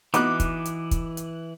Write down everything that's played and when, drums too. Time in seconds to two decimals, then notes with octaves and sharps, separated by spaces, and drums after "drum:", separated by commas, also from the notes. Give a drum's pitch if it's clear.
0.14 E3 B3 D#4 F#4 D6 F#6, drum: hi-hat
0.40 drum: kick, hi-hat
0.65 drum: hi-hat
0.91 drum: kick, hi-hat
1.17 drum: hi-hat